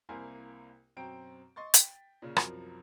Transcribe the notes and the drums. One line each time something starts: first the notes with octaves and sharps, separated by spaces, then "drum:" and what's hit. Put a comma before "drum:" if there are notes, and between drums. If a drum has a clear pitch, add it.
C2 A#3 E4 A#4 C5 G#5
F#2 B2 C4 G5 A#5 D7
D#5 C6 C#6 A6
G5 B6, drum: hi-hat
A#2 C#3
C2 F#2 F3 A#4, drum: rim click